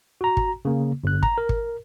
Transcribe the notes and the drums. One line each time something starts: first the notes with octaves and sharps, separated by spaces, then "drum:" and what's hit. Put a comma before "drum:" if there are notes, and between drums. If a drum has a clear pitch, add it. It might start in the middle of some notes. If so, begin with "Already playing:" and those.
F#4 A#5
drum: kick
C#3 A#3
G1 F#6
A#5, drum: kick
A#4
drum: kick